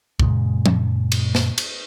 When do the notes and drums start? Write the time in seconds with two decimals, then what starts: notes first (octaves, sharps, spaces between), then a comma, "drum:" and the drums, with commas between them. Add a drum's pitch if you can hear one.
0.20 F#2 A#2 C#3 G#3, drum: kick
0.66 drum: tom
1.12 drum: cymbal
1.35 drum: snare
1.58 drum: cymbal